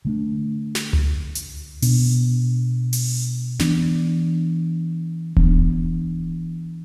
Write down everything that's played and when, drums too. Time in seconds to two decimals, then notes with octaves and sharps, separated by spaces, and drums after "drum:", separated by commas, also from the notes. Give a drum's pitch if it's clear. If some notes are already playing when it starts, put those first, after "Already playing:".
0.05 D3 A3 D4
0.75 drum: snare
0.93 drum: tom C#2
1.35 drum: hi-hat
1.82 B2 B3 D4, drum: open hi-hat
2.93 drum: open hi-hat
3.60 E3 B3 D4, drum: snare
5.37 E3 B3 D4, drum: kick D#1